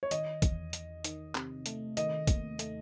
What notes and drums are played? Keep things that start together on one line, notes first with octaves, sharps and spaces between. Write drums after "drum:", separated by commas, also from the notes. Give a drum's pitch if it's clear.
C#5
D#3 D#5, drum: hi-hat
E2, drum: kick, hi-hat
E2, drum: hi-hat
D#3, drum: hi-hat
C3, drum: clap
A3, drum: hi-hat
D#3 D#5, drum: hi-hat
D#2, drum: kick, hi-hat
A3, drum: hi-hat